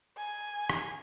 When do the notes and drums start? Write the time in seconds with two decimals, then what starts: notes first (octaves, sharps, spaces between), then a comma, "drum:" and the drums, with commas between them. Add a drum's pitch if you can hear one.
0.17 G#5
0.70 drum: rim click